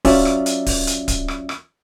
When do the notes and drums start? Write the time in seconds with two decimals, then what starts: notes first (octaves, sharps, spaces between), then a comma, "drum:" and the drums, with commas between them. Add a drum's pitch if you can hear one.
0.05 F#3 C#4 F4 D5 E5, drum: kick D1, open hi-hat
0.25 drum: rim click
0.46 drum: hi-hat
0.66 drum: kick D1, open hi-hat
0.87 drum: hi-hat
1.08 drum: kick D1, hi-hat
1.28 drum: rim click
1.49 drum: rim click